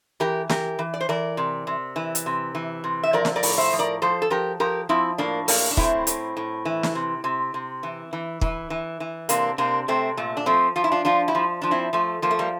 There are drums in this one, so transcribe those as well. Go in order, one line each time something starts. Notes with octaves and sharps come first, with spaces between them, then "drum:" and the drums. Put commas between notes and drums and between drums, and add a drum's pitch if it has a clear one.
E3 G4 A#4
E3 G4 A#4, drum: snare
E3
D5
C5
E3 A#4 D5
C3
C3
E3
drum: hi-hat
C3
E3
C3
E5
F3 A#4 D5
drum: snare
A#4 D5
A2, drum: open hi-hat
D5
C5 E5
F3
A#4 D5
F3 A4 C5
A4
F3 G4 A#4
F3 G4 A#4
F3 C4 E4
A2 A#3 D4
A2 A#3 D4, drum: open hi-hat
D4
A2 C4 E4, drum: kick
A2, drum: hi-hat
A2
E3
drum: snare
C3
C3
C3
E3
E3
E3, drum: kick
E3
E3
C3 A#3 D4, drum: hi-hat
C3 A#3 D4
C3 A3 C4
A#2 A3
D4
F3 A3 C4
F3 F4
E4
D4 F4
F3 D4 F4
E4 G4
F3
F3 D4
C4 E4
F3 A3
F3 A#3
A3
G3 A#3